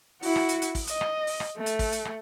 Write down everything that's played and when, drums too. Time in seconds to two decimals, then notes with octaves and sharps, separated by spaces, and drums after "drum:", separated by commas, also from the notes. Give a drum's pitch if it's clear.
0.23 E4 F#4, drum: open hi-hat
0.36 drum: rim click
0.49 drum: hi-hat
0.62 drum: hi-hat
0.75 drum: kick, open hi-hat
0.87 D#5, drum: hi-hat
1.01 drum: rim click
1.27 drum: open hi-hat
1.40 drum: rim click
1.57 A3
1.66 drum: hi-hat
1.79 drum: kick, open hi-hat
1.92 drum: hi-hat
2.05 drum: rim click